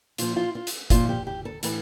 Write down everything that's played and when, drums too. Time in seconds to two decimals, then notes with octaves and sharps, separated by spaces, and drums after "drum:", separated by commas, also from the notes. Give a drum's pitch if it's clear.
0.18 A#2 F3 F4, drum: hi-hat
0.36 F4
0.55 F4
0.67 drum: hi-hat
0.90 A#2 F3 F4, drum: kick G1, hi-hat
1.09 G4
1.27 G4
1.45 A4
1.63 A2 E3 A4, drum: hi-hat